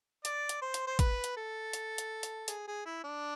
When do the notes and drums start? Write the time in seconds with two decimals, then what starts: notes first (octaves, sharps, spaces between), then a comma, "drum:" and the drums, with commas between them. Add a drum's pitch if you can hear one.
0.25 D5, drum: hi-hat
0.49 drum: hi-hat
0.62 C5
0.74 drum: hi-hat
0.87 C5
0.99 B4, drum: kick, hi-hat
1.24 drum: hi-hat
1.37 A4
1.73 drum: hi-hat
1.98 drum: hi-hat
2.23 drum: hi-hat
2.48 G#4, drum: hi-hat
2.67 G#4
2.85 E4
3.04 D4